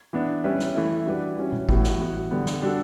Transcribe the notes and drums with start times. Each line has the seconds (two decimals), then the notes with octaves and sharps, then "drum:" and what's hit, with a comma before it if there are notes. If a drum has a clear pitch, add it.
0.13 E3 B3 D4
0.44 G3 C#4 E4 B4
0.59 drum: snare
0.75 E3 A3 E4
1.06 G3 D4 F#4 B4 D5
1.37 E3 G3 C#4 F#4
1.52 drum: tom B2
1.69 A2 E3 G3 B3 F#4, drum: kick
1.84 drum: snare
2.00 E3 B3 F#4
2.31 D3 G3 B3
2.46 drum: snare
2.62 G3 D4 F#4 A4